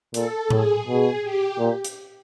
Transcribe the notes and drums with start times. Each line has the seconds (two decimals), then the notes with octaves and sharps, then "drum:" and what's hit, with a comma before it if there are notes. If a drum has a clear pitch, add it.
0.14 A#2 A4, drum: hi-hat
0.50 A2 G#4, drum: tom A2
0.86 B2 G#4
1.23 G4
1.59 A#2
1.85 drum: hi-hat